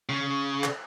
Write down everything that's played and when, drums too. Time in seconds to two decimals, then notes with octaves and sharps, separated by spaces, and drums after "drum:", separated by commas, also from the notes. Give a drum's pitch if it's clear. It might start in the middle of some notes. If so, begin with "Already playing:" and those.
0.09 C#3
0.64 drum: clap